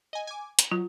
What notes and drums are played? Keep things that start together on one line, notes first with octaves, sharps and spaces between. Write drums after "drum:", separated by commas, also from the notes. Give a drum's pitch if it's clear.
D#5 G#5
G#5 D6
C#7, drum: hi-hat
F#3 F4